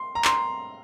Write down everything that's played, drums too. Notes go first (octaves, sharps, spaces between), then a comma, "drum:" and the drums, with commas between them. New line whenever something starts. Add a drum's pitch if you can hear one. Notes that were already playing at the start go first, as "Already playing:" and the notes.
Already playing: C6
A#5
C6, drum: clap